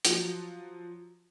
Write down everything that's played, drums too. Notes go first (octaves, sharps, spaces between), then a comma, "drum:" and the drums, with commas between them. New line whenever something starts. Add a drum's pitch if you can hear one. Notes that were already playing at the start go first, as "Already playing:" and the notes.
F3 F#3, drum: hi-hat